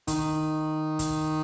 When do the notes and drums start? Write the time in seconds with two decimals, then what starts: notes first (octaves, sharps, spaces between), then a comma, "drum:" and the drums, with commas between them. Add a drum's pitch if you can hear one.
0.07 D#3, drum: kick, hi-hat
0.99 drum: kick, hi-hat